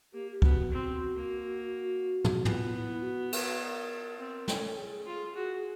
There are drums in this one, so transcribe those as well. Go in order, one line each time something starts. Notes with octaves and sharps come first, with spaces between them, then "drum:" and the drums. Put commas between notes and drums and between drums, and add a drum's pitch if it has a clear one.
A#3 G4
G4
B3 F#4, drum: kick
C4
A#3
drum: tom
B3 F4, drum: tom
E4
F#4
A#4, drum: cymbal
B4
B4
A#4
C4 A#4
C#4 A4, drum: snare
G#4
F4
F#4